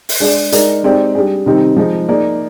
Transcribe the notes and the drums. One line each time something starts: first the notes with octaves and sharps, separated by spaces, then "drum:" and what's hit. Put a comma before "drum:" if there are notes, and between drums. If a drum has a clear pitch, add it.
drum: open hi-hat
G#3 D4 G#4 D5
G#3 D#4 A#4 D5, drum: hi-hat
G#3 C4 D#4 G4 D5
G3 D4 G#4
C3 D#3 G3 C4 D#4
F3 G#3 D#4
A#3 D#4 G#4 D5